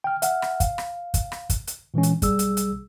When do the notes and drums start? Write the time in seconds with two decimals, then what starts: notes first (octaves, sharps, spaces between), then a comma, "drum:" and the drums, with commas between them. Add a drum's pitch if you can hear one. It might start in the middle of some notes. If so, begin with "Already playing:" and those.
0.04 G5 F6
0.22 E5 F#5 F6, drum: hi-hat
0.42 drum: rim click
0.60 F5, drum: kick, hi-hat
0.78 drum: rim click
1.14 drum: kick, hi-hat
1.32 drum: rim click
1.50 drum: kick, hi-hat
1.67 drum: hi-hat
1.94 A#2 E3 G#3 C#4
2.03 drum: hi-hat
2.22 B1 G3 G#4 E6, drum: kick, hi-hat
2.39 drum: hi-hat
2.57 drum: hi-hat